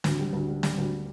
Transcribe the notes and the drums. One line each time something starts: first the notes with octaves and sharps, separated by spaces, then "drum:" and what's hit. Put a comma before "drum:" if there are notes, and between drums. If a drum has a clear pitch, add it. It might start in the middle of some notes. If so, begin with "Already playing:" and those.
D2, drum: snare
G3
D2
G3
G3, drum: snare
D2